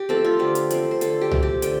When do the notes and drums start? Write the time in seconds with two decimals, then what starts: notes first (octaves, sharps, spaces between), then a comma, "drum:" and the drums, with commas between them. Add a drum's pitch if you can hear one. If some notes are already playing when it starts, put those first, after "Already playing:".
Already playing: G4
0.09 F3 A3 C4 A4
0.25 F4
0.39 D3 G4
0.55 drum: hi-hat
0.70 F3 A3 C4, drum: hi-hat
0.91 C5
1.01 D3 A4, drum: hi-hat
1.21 G4
1.31 F3 A3 C4, drum: tom C2
1.43 G4
1.62 D3 G5, drum: hi-hat